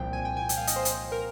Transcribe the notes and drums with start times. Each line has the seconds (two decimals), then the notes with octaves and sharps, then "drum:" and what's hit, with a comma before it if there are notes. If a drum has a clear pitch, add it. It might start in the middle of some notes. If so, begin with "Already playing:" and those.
Already playing: C2 A#2 F3 G5
0.13 G#5
0.25 G5
0.37 G#5
0.49 G5, drum: hi-hat
0.57 F5
0.67 D#5, drum: hi-hat
0.76 C5
0.85 drum: hi-hat
1.12 A#4